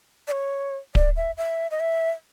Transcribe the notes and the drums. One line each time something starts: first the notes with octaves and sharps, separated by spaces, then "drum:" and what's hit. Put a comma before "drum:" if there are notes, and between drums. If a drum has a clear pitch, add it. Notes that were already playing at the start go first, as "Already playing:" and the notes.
D5
C#5
D5, drum: kick D1
E5
E5
D#5
E5